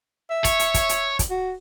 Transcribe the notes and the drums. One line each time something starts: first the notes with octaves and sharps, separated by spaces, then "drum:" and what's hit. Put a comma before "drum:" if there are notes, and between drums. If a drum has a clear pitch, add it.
E5
C#5, drum: kick, hi-hat
drum: hi-hat
drum: kick, hi-hat
drum: hi-hat
drum: kick, hi-hat
F#4